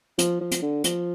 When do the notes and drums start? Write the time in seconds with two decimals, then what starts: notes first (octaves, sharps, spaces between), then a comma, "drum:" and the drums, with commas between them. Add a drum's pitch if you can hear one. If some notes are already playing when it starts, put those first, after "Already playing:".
0.19 F3, drum: hi-hat
0.41 F3
0.51 drum: hi-hat
0.62 D3
0.84 F3, drum: hi-hat